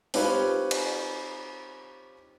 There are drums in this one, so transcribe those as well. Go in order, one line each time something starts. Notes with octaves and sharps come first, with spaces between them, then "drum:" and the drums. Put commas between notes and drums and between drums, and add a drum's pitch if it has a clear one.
C4 D#4 F4 G4 B4 C#5, drum: open hi-hat
drum: cymbal